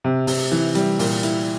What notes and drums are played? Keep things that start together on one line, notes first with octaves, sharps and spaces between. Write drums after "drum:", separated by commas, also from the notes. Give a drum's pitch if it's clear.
C3
C3, drum: open hi-hat
E3
G3, drum: hi-hat
A#2, drum: open hi-hat
E4, drum: hi-hat